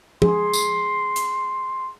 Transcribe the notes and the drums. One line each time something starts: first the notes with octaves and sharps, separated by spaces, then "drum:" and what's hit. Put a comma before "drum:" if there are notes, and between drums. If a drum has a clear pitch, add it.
G#4 C6, drum: tom F3
drum: tambourine
drum: hi-hat